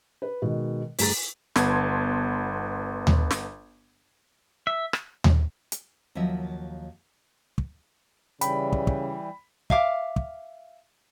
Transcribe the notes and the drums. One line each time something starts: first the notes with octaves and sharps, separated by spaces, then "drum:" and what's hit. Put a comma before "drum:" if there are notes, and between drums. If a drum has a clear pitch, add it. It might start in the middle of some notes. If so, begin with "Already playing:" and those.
B4
B2 D#3 G#3
G1 A3 G#4 A#5 A6 B6, drum: open hi-hat
G1 B3 A5 C6 G#6, drum: snare
drum: tom D#2
drum: snare
E5
drum: rim click
drum: tom D#2
drum: hi-hat
D#2 F3 F#3 D#5 E5
drum: kick
C#3 E3 G3 G5 B5, drum: hi-hat
drum: kick
drum: kick
E5 F5 D6, drum: kick
drum: kick